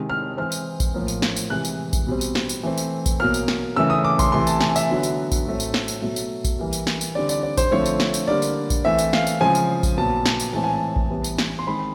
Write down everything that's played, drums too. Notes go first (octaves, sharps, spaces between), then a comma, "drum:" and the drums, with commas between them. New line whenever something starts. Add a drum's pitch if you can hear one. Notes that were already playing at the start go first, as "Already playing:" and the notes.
Already playing: C3 D#3 G#3
F6
E3 G#3 C4 F6
drum: tambourine
drum: kick A#1, tambourine
A2 F3 A#3
drum: tambourine
drum: snare
drum: tambourine
C3 E3 G#3 F#6
drum: tambourine
drum: kick A#1, tambourine
B2 G3 C4
drum: tambourine
drum: snare
drum: tambourine
E3 A3 C4
drum: tambourine
drum: kick A#1, tambourine
B2 F#3 A#3 F6
drum: tambourine
drum: snare
C#3 E3 A3 E6
D#6
D6
C6, drum: kick A#1, tambourine
C3 E3 A3 C6
A5, drum: tambourine
G#5, drum: snare
E5, drum: tambourine
D3 F#3 B3
drum: tambourine
drum: kick A#1, tambourine
A2 F#3 A3 C4
drum: tambourine
drum: snare
drum: tambourine
B2 F#3 A3
drum: tambourine
drum: kick A#1, tambourine
E3 G3 A#3
drum: tambourine
drum: snare
drum: tambourine
D3 G3 C4 D5
D5, drum: tambourine
D5
C5, drum: kick A#1, tambourine
D3 F3 A3 C4 C#5
drum: tambourine
drum: snare
drum: tambourine
D3 G3 A#3 D5
drum: tambourine
drum: kick A#1, tambourine
E3 A3 C4 E5
drum: tambourine
F5, drum: snare
drum: tambourine
C#3 F3 G#3 C4 G#5
drum: tambourine
drum: kick A#1, tambourine
A#2 F#3 B3 A5
drum: snare
drum: tambourine
A2 E3 G#3 C4 A5
G#5
A5
drum: kick A#1
E3 G3 B3
drum: tambourine
drum: snare
C6
D#3 G#3 C4 B5